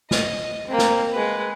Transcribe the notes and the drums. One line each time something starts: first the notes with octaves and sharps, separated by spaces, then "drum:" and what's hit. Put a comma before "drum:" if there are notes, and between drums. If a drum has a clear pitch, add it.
D#5, drum: snare
A#3 C4
drum: snare
G#3 B4